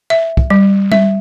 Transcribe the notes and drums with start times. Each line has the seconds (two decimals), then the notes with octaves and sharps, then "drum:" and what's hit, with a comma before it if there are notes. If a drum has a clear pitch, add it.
0.10 E5
0.37 drum: kick
0.50 G3
0.92 E5, drum: tom G3